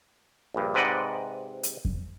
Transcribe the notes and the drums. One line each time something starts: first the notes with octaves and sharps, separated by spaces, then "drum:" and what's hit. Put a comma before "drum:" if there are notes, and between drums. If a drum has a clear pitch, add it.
A#1 G2
G#2 C3 B4 D5 D#5 F#5
drum: hi-hat
drum: kick F2